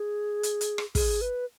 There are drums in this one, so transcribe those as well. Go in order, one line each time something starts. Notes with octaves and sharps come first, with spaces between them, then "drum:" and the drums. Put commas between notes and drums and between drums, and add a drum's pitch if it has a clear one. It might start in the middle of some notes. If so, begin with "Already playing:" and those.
Already playing: G#4
drum: hi-hat
drum: hi-hat
drum: rim click
G#4, drum: kick, open hi-hat
B4